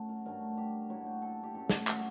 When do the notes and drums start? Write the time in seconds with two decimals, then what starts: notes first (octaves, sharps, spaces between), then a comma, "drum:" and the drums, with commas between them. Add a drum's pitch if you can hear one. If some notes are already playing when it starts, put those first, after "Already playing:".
Already playing: F#2 F#3 A3
0.09 A#4
0.25 G2 F#3 A3 A#4
0.57 G4
0.89 A2 F#3 A#3 F#4
1.06 G4
1.22 A4
1.43 G4
1.54 F#2 F#3 A3 A4
1.69 drum: snare
1.87 F#4, drum: clap